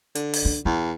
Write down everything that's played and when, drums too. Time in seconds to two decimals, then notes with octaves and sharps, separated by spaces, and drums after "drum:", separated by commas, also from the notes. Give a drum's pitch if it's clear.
0.15 D3, drum: hi-hat
0.34 drum: open hi-hat
0.45 D4
0.65 E2 E4